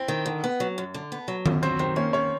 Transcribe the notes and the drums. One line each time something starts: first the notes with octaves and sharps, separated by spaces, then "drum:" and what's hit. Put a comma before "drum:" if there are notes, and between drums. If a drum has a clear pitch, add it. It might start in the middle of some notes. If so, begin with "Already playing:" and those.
Already playing: C4 E4
D#3
D3
B3
F#3
F#2
D3
B3
F#3
F#2, drum: tom D#3
F#3 C4 C5
D#3 C4 C5
A#3 C#4 C#5
D#3 C#4 C#5